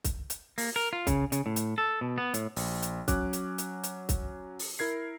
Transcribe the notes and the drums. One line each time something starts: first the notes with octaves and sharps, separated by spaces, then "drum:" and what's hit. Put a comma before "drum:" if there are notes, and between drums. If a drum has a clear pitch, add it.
drum: kick C2, hi-hat
drum: hi-hat
A#3, drum: open hi-hat
A#4
F4
C#3, drum: kick C2, hi-hat
C#3, drum: hi-hat
A2
drum: hi-hat
A4
B2
B3
A2, drum: hi-hat
A#1, drum: open hi-hat
drum: hi-hat
F#3 C#4 D6 F#6, drum: kick C2, hi-hat
drum: hi-hat
drum: hi-hat
drum: hi-hat
drum: kick C2, hi-hat
drum: open hi-hat
E4 A#4 G#6 C7